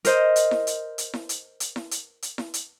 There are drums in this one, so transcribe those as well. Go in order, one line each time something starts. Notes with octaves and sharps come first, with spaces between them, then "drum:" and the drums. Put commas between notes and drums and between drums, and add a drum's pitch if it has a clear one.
A#4 C5 D#5, drum: hi-hat
drum: hi-hat
drum: snare E4
drum: hi-hat
drum: hi-hat
drum: snare E4
drum: hi-hat
drum: hi-hat
drum: snare E4
drum: hi-hat
drum: hi-hat
drum: snare E4
drum: hi-hat